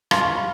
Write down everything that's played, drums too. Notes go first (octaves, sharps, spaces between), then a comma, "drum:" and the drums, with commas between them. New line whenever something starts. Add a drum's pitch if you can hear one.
F5 C6, drum: rim click
C#6
B5